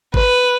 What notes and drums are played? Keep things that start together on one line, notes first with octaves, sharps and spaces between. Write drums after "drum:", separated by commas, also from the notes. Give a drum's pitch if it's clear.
B4, drum: kick G#1